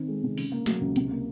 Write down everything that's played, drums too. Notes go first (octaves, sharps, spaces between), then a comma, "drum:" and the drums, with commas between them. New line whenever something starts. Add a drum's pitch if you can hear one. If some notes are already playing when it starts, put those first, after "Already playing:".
Already playing: D#3 C4
G#3
C3
C#3, drum: open hi-hat
A#3
F#3, drum: snare
C#2
C3, drum: hi-hat
A#3